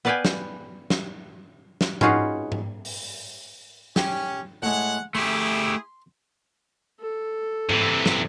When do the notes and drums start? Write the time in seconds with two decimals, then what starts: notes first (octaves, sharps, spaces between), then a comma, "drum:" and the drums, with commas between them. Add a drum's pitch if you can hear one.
0.05 B3 B4 D5 F5 G5 G#5
0.25 drum: snare
0.90 drum: snare
1.81 drum: snare
2.01 C#4 D#4 F4 F#4 G#4 B4, drum: tom G#2
2.52 drum: tom G#2
2.85 drum: open hi-hat
3.96 C#4 G4 G5, drum: snare
4.62 A2 G#3 F#5
5.15 A3 E4 G4 G#4 C6
7.00 A4
7.69 C3 E3, drum: tom G#2
8.06 drum: snare